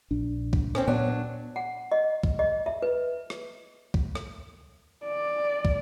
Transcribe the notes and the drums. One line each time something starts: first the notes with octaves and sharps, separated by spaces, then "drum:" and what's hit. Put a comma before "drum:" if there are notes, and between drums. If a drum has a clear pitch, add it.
A#1 D4
drum: kick
C4 C#4, drum: rim click
A#2 F#3 B3 D4
F#5
D#5
drum: kick
D#5
E5
B4
drum: rim click
drum: kick
drum: rim click
D5
drum: kick